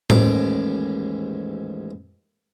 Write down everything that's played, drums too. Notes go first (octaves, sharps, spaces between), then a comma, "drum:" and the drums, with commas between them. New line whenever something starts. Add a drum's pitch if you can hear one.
A1 D#2 G#2 D6, drum: tom A2